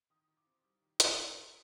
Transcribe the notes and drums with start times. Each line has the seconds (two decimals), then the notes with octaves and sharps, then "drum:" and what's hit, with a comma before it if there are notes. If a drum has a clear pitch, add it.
0.10 D#3 D#6
0.28 D#3
0.37 D6
0.47 C4
0.64 G3
0.82 D#3
1.00 D#3, drum: hi-hat
1.18 D#3
1.36 D#3